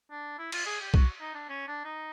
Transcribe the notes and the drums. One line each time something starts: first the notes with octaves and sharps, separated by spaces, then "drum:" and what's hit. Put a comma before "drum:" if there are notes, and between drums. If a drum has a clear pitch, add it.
D4
E4
F4, drum: cymbal
G#4
G4
F#4, drum: kick B1
D#4
D4
C#4
D4
D#4